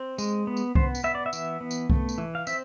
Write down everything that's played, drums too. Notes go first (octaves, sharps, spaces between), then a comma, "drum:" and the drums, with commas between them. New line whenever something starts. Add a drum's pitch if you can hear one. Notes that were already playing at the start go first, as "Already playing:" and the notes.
Already playing: C4
G#3, drum: tambourine
B3
drum: tambourine
B3 C5, drum: kick C2
drum: tambourine
B3 E5
D5
E5
E3, drum: tambourine
B3
drum: tambourine
A3, drum: kick C2
drum: tambourine
E3
F5
C4 E5, drum: tambourine